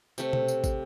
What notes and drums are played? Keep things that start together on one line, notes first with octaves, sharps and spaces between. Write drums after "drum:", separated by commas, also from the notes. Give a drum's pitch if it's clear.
C3 A3, drum: tambourine
drum: tom B2
drum: tambourine
drum: kick, tambourine